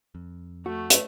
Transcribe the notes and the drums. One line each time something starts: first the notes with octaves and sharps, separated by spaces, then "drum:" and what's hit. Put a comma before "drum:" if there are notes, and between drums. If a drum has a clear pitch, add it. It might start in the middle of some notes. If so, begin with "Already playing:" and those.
F2
A3 F#4
drum: hi-hat